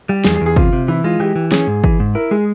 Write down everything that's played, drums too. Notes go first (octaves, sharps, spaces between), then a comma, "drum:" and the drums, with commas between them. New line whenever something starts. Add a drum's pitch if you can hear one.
G3 G4
E2 G#4, drum: snare
G#4
E2
G#4
C3 F4, drum: kick
C3
E3 E4
G#3 F4
E3 G4
E3
C#4 G#4, drum: snare
G#2
E3, drum: kick
G#2
E4 A#4
G#3 G#4